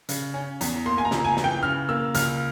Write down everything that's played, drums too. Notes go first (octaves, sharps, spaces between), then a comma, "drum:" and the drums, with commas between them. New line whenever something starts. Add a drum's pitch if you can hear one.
C#3, drum: hi-hat
C#4
E2, drum: hi-hat
A#3 C6
G#5
A#5
C#2, drum: snare
G#5
E3, drum: snare
G5
C#3 F6
A#3 E6
C#2 F6, drum: hi-hat